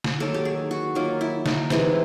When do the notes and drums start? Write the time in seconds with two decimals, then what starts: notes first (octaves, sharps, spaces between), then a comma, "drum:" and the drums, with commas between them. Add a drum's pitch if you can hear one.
0.04 drum: snare
0.20 D#3 F#3 A#3 A4
0.34 G4
0.45 G#4
0.71 F#4
0.95 D#3 F#3 A#3 F4
1.21 E4
1.46 D#4, drum: snare
1.70 C3 E3 G#3 E4, drum: snare